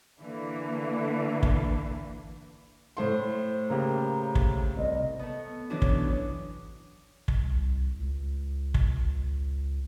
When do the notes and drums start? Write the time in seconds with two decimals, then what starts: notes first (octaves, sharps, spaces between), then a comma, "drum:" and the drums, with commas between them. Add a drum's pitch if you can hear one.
0.21 D3 E3 A#3
1.43 drum: kick
2.97 A2 C5 C6
3.70 C#3 A#3 G4 A#5
4.35 drum: kick
4.78 C2 D#5
5.19 A3 B3
5.70 E3 F#3 B3 C#4 D4 F#4
5.82 drum: kick
7.28 drum: kick
7.41 C2
7.98 C#2
8.74 drum: kick